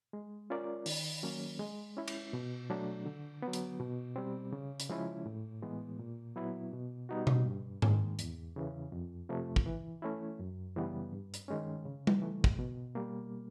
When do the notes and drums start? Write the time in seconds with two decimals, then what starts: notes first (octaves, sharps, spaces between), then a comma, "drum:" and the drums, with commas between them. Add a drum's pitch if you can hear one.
0.13 G#3
0.50 C#4 F4 A#4 D5
0.86 D#3, drum: open hi-hat
1.23 F#3 A#3 C#4
1.59 G#3
1.97 C#4 E4
2.08 drum: cymbal
2.33 B2
2.70 F#3 A3 D4
3.06 D3
3.42 F#3 B3
3.53 drum: hi-hat
3.79 B2
4.16 G3 C4
4.52 C#3
4.80 drum: hi-hat
4.89 F3 G#3 C#4 E4
5.26 A2
5.62 E3 G#3 B3
5.99 A#2
6.36 F#3 B3 E4
6.73 B2
7.09 G3 B3 D#4 F#4
7.27 drum: tom B2
7.46 G2
7.82 D#3 G#3, drum: tom G#2
8.19 E2, drum: hi-hat
8.56 C#3 E3
8.92 F2
9.29 C3 F3 A3
9.56 drum: kick
9.66 E3
10.02 A3 C#4 E4
10.39 F#2
10.76 C#3 E3 G3 B3
11.13 G2
11.34 drum: hi-hat
11.48 D#3 G#3 C#4
11.85 C#3
12.07 drum: tom G3
12.22 E3 A3
12.44 drum: kick
12.59 B2
12.95 G3 A#3